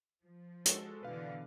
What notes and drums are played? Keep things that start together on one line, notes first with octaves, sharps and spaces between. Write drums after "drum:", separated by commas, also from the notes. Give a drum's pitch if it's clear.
F3
G#3 F#4 A4, drum: hi-hat
B2 D3 E3 B4 F5